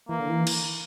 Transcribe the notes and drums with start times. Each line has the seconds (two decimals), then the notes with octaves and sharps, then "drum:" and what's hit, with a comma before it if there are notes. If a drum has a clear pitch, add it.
0.09 E3 A#3
0.19 D3
0.29 E3
0.47 drum: cymbal